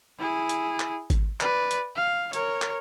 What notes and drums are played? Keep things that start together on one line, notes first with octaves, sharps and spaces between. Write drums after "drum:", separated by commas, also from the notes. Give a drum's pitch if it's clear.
E4 G#4
drum: hi-hat
drum: clap
drum: kick G#1, hi-hat
B4 D5, drum: clap
drum: hi-hat
F5
A#4 C#5, drum: hi-hat
drum: clap